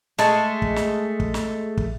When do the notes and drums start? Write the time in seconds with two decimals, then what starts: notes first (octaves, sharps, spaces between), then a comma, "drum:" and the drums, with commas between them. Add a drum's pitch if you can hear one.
0.19 G#3 A3 G#5 A5 C#6, drum: snare
0.62 drum: kick
0.76 drum: snare
1.20 drum: kick
1.34 drum: snare
1.77 drum: kick